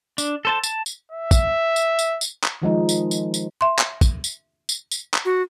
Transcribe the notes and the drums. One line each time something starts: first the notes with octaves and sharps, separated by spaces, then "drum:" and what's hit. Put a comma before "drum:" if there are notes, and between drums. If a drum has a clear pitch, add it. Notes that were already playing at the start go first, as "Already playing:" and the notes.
D4, drum: tambourine
A4 C5 A5
A5, drum: tambourine
drum: tambourine
E5
drum: kick, tambourine
drum: tambourine
drum: tambourine
drum: tambourine
drum: clap
D#3 F3 G#3 D#4
drum: tambourine
drum: tambourine
drum: tambourine
E5 C6
drum: clap
drum: kick, tambourine
drum: tambourine
drum: tambourine
drum: tambourine
drum: clap
F#4